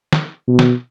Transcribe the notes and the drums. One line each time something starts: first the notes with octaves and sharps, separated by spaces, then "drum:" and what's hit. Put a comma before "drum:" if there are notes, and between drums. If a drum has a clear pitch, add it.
drum: snare
B2
drum: snare